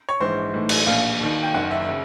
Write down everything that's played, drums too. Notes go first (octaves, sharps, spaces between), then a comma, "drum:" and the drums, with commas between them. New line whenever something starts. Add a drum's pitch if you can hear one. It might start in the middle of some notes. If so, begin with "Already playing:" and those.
C#5
A#1 G#2 E3 C5
B1 A2 E3
drum: cymbal
A#1 A#2 F5
D#2 D#3
G5
F#1 F#2 D#3 F#5
E5
C#3